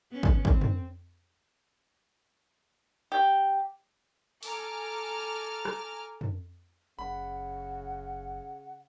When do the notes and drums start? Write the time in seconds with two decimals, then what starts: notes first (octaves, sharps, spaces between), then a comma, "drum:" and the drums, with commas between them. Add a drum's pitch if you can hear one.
0.12 B3 C#4
0.23 drum: kick
0.45 C4, drum: kick
0.61 drum: tom
3.12 G4
4.43 A4 G#5 A#5 D6 F6, drum: open hi-hat
5.65 drum: rim click
6.21 drum: tom
6.99 F#1 C#3 F#5 B5